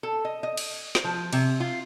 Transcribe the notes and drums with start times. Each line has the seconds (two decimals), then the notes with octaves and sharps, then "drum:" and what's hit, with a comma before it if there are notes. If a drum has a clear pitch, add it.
0.03 A4
0.25 D#5
0.43 D#5
0.57 drum: cymbal
0.95 drum: snare
1.04 F3
1.33 C3, drum: cymbal
1.60 F4